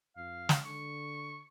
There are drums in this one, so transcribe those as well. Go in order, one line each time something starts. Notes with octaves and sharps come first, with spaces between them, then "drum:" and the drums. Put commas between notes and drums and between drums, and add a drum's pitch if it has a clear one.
F2 F5
drum: snare
D3 C#6